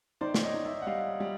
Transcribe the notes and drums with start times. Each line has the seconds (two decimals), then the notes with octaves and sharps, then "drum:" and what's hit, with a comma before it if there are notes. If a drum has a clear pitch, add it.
0.21 D#3 C5 D5
0.34 D5, drum: snare
0.43 C#5 D#5
0.54 D#3
0.65 D5 E5
0.82 F#5
0.87 G3 D#5 F5
1.20 G3